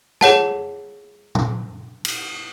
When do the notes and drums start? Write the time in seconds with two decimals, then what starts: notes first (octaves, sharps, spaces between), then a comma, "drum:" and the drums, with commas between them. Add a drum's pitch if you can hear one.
0.21 G#4 C#5 F#5 A5, drum: snare
1.35 drum: tom A#2
2.05 drum: cymbal